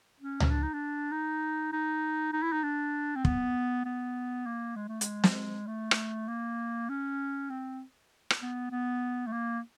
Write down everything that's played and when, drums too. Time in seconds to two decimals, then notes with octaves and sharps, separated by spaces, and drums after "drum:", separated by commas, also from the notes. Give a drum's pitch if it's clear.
0.21 C#4
0.40 drum: tom C#2
0.50 D4
0.63 D#4
0.74 D4
1.12 D#4
1.72 D#4
2.33 D#4
2.43 E4
2.52 D#4
2.63 D4
3.16 C4
3.25 B3, drum: kick
3.85 B3
4.46 A#3
4.76 G#3
4.88 A3
5.01 G#3, drum: hi-hat
5.24 drum: snare
5.67 A3
5.91 drum: rim click
6.28 A#3
6.89 C#4
7.50 C4
8.30 drum: rim click
8.42 B3
8.71 B3
9.27 A3
9.32 A#3